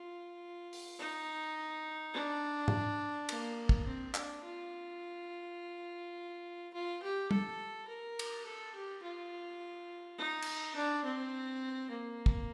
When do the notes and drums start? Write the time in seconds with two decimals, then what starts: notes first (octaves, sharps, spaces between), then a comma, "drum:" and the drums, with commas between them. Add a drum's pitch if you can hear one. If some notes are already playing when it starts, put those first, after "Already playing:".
Already playing: F4
0.73 drum: open hi-hat
0.99 D#4
2.13 D4
2.68 drum: tom G#2
3.29 A#3, drum: cymbal
3.69 drum: kick
3.86 C4
4.15 D4, drum: clap
4.44 F4
6.73 F4
7.02 G4
7.31 A4, drum: tom
7.88 A#4
8.19 drum: cymbal
8.45 A4
8.75 G4
9.03 F4
10.18 D#4
10.42 drum: cymbal
10.75 D4
11.04 C4
11.90 A#3
12.26 drum: kick